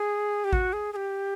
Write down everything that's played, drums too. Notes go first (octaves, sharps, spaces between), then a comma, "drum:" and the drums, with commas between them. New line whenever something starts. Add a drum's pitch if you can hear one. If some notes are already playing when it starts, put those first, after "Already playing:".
Already playing: G#4
G4
F#4, drum: kick A1
G#4
G#4
G4